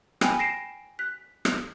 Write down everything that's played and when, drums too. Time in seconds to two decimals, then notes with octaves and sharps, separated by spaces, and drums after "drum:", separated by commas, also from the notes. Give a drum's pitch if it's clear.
0.21 G5 G#5 B5, drum: rim click
0.39 A#6 C7 D7 E7
0.99 F#6 B6
1.45 drum: rim click